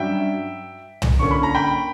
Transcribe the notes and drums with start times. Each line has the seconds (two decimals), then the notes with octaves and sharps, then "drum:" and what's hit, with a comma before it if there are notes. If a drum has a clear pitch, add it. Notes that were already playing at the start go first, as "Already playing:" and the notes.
Already playing: G2 F#3 C#4 E5 G5
1.02 drum: tom
1.19 D3 A#3 C#4 C#6
1.31 B5
1.43 A#5
1.55 G5 B5